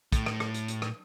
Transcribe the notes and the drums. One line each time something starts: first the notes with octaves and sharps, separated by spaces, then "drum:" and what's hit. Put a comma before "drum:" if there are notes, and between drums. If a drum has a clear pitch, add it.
A2, drum: kick, hi-hat
drum: rim click
drum: rim click
drum: hi-hat
drum: hi-hat
drum: rim click